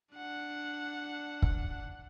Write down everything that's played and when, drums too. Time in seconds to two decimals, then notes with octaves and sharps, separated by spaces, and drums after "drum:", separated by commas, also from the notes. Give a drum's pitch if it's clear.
0.14 D4 F#5
1.42 drum: kick